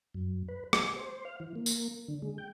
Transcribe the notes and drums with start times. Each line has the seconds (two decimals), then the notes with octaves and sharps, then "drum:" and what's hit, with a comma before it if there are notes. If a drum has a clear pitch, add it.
0.14 F#2
0.49 B4
0.73 G#5, drum: rim click
0.96 C5
1.25 F5
1.40 E3
1.56 A#3
1.66 drum: tambourine
2.08 D3
2.22 G#3
2.38 G5